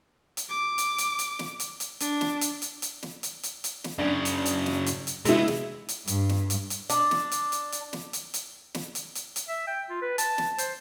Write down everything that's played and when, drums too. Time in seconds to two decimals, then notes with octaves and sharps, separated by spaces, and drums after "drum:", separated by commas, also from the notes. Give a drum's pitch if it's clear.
0.37 drum: hi-hat
0.49 D6
0.78 drum: hi-hat
0.98 drum: hi-hat
1.19 drum: hi-hat
1.39 drum: snare
1.60 drum: hi-hat
1.80 drum: hi-hat
2.00 D4, drum: hi-hat
2.21 drum: snare
2.41 drum: hi-hat
2.62 drum: hi-hat
2.82 drum: hi-hat
3.03 drum: snare
3.23 drum: hi-hat
3.43 drum: hi-hat
3.64 drum: hi-hat
3.84 drum: snare
3.99 F#2 C#3 D4
4.25 drum: hi-hat
4.46 drum: hi-hat
4.66 drum: snare
4.86 drum: hi-hat
5.07 drum: hi-hat
5.25 C3 G#3 B3 E4, drum: hi-hat
5.48 drum: snare
5.89 drum: hi-hat
6.07 G2, drum: hi-hat
6.29 drum: snare
6.50 drum: hi-hat
6.70 drum: hi-hat
6.90 D4, drum: hi-hat
7.11 drum: snare
7.32 drum: hi-hat
7.52 drum: hi-hat
7.72 drum: hi-hat
7.93 drum: snare
8.13 drum: hi-hat
8.34 drum: hi-hat
8.75 drum: snare
8.95 drum: hi-hat
9.15 drum: hi-hat
9.36 drum: hi-hat
9.48 E5
9.67 G5
9.89 F4
10.02 B4
10.18 A5, drum: hi-hat
10.38 drum: snare
10.58 C5, drum: hi-hat